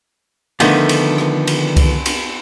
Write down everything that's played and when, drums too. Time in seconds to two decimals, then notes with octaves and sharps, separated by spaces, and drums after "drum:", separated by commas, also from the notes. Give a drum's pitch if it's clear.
0.60 D3 D#3 F3 A3 B3, drum: cymbal
0.89 drum: cymbal
1.18 drum: rim click
1.47 drum: cymbal
1.76 drum: kick C2, cymbal
2.06 drum: cymbal